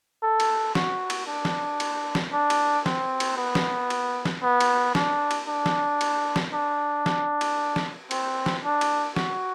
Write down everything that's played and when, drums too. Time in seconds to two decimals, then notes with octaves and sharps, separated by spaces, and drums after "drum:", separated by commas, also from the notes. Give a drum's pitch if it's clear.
0.23 A4
0.40 drum: cymbal
0.75 F#4, drum: snare
1.10 drum: cymbal
1.27 D4
1.45 drum: snare
1.80 drum: cymbal
2.15 drum: snare
2.33 D4
2.50 drum: cymbal
2.86 C4, drum: snare
3.20 drum: cymbal
3.37 B3
3.55 drum: snare
3.90 drum: cymbal
4.25 drum: snare
4.43 B3
4.61 drum: cymbal
4.95 D4, drum: snare
5.31 drum: cymbal
5.48 D4
5.66 drum: snare
6.01 drum: cymbal
6.36 drum: snare
6.54 D4
7.06 drum: snare
7.41 drum: cymbal
7.76 drum: snare
8.11 C4, drum: cymbal
8.46 drum: snare
8.64 D4
8.81 drum: cymbal
9.16 F#4, drum: snare